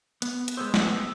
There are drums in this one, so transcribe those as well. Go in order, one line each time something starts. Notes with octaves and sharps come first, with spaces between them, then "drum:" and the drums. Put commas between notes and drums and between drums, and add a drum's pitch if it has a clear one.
B3, drum: hi-hat
drum: hi-hat
G#3 B3 C5 E6
drum: snare